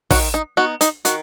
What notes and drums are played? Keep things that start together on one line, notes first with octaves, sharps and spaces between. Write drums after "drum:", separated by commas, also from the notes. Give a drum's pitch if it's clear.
D#3 F#4, drum: kick, open hi-hat
D#4
B3 D#4 F#4
D#4, drum: hi-hat
D#3 F#4, drum: hi-hat